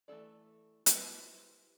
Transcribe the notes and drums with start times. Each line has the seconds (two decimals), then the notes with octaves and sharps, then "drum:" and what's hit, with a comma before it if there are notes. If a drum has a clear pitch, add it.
0.08 E3 A3 D4 A4 D5
0.86 G3 C4 E4 B4, drum: hi-hat